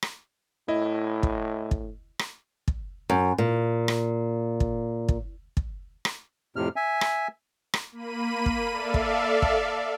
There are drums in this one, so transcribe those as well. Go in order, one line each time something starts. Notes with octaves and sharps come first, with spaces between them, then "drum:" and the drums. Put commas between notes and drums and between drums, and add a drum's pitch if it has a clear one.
drum: rim click
A2 E4 D#5
drum: kick
drum: kick
drum: rim click
drum: kick
F#2
A#2
drum: rim click
drum: kick
drum: kick
drum: kick
drum: rim click
F2 A2 C3 F6
E5 G#5
drum: rim click
drum: rim click
A#3 B5 D#7
drum: kick
A4 D5 E5 F5
drum: kick
drum: kick